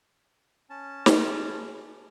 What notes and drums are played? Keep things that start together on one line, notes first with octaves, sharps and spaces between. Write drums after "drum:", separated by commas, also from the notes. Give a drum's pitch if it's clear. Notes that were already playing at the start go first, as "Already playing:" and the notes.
C#4 A5
F#4 G#4, drum: snare